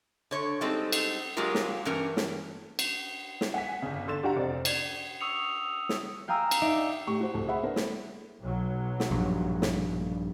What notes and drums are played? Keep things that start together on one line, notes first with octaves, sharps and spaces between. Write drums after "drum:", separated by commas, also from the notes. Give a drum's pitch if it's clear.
D3 C#5
G3 G#3 C4 D#4 A4
drum: cymbal
F#3 G#3 A#3 F4 G4 A#4
drum: snare
G2 E3 C#4 A#4
drum: snare
drum: cymbal
drum: snare
F#5 G#5 B6
G1 C#3
D3 C6 A6 E7
D4 F#4 G4 F5 F#5 A#5
F1 C4 D5
D5 G#6 D#7 F#7, drum: cymbal
C#6 D#6 E6 C#7 F7
drum: snare
F5 G5 G#5 A#5 D#6 E6
drum: cymbal
D#4 D5 E5
A2 G4 C#6
F#4 C5
C2 A3
G#4 C5 E5 F#5 B5
A#3 B3 D4 A#4 C5
A3, drum: snare
B1 F#3
drum: snare
A#1 G2
drum: snare